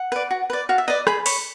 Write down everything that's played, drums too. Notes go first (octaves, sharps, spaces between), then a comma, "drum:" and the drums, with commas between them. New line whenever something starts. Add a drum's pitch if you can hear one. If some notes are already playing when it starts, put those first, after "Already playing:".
Already playing: F#5
B4 D5
F#4
B4 D5
F#4 F5
E5
B4 D5 D#5
G#4 B5, drum: rim click
C#5 B5, drum: open hi-hat